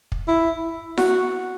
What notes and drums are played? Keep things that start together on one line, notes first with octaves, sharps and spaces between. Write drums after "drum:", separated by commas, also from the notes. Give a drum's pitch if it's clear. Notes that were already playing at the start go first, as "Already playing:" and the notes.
drum: kick
E4
F#4, drum: snare E4